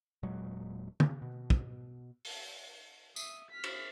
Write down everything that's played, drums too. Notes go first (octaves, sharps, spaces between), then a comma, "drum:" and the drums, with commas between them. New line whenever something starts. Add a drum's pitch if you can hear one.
E1 A#2 F#3 G#3
C#3, drum: tom
B2
drum: kick
drum: open hi-hat
E5 D#6, drum: tambourine
F6 B6
drum: cymbal